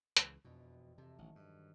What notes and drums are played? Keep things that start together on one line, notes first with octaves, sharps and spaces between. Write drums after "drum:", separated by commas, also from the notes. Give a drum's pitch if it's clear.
C#2 C#3 E3, drum: hi-hat
E1 F2 B2 E4
C3 A4 E5
A1 D#3 F#3
G2